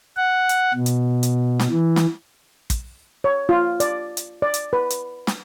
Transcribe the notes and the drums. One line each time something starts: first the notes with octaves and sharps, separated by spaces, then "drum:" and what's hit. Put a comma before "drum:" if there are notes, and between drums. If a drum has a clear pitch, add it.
F#5
drum: hi-hat
B2
drum: hi-hat
drum: hi-hat
drum: snare
E3
drum: snare
drum: kick, hi-hat
C#5
F4
D5, drum: hi-hat
drum: hi-hat
D5
drum: hi-hat
B4
drum: hi-hat
drum: snare